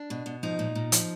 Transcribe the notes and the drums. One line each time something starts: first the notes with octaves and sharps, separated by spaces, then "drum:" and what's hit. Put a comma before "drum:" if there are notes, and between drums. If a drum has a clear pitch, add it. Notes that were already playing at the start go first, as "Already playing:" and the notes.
Already playing: D4
B2
B2
F3 D#4
A#2
A#2
F3, drum: hi-hat